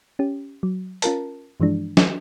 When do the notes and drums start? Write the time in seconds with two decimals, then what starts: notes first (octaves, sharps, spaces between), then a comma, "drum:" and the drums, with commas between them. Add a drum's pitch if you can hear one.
0.19 C#4 G4
0.63 F#3
1.02 C#4 F4 A#4 A5, drum: hi-hat
1.60 G2 E3 F3 G#3 D4
1.97 drum: snare